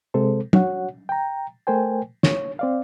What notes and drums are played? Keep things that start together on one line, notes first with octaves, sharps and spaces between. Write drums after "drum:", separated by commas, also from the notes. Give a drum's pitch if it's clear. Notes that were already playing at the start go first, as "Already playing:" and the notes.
C3 G#3 C4 A4 C5
F#4 C#5 F#5, drum: tom
G5 A#5
A3 A#4 C5 G5 G#5
C#5, drum: snare
C4 D5 F5